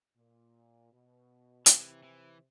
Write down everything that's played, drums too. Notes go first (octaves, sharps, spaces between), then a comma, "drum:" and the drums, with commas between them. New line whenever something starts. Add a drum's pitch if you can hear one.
A#2
B2
C3 E3, drum: hi-hat
E3